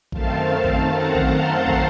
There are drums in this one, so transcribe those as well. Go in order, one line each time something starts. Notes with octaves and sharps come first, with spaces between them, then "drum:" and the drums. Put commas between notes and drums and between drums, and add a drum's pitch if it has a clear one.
F#2 D#3 A3 C4 F5 A5, drum: kick A1
drum: kick A1
F#5 A#5
drum: kick A1
A5 C6
drum: kick A1